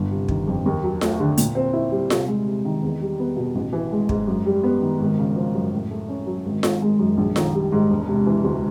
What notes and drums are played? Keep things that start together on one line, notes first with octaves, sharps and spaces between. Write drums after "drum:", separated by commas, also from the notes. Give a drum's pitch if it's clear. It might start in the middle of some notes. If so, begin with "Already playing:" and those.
Already playing: G1
C3
D#3, drum: kick
F2
D#2
F#3
A3, drum: snare F4
D3
A#2, drum: hi-hat
C4
E4
G3
C3, drum: snare F4
G#3
C3
D#3
E2
G3
B3
B2
A1
E3
G#3
G#2, drum: kick
F#2
G3
B3
D#3
G#1
C#3
F3
F#2
A2
A3
C#4
F#3
G#1
D#3, drum: snare F4
G#3
F#2
A#1
D#3, drum: snare F4
G3
G#2
E1
C3
E3
D2